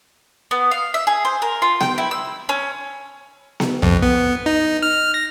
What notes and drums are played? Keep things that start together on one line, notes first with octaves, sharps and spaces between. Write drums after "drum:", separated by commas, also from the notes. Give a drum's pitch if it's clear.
B3
F5
E5
G#4
C5
A#4
F4
G5, drum: snare B3
E4
E6
C#4
drum: snare B3
F2, drum: tom
B3
D#4
F6
A#6